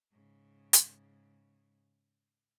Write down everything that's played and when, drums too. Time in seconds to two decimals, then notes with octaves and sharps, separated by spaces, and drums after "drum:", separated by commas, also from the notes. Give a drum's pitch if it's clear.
0.12 G#2 C#3
0.73 drum: hi-hat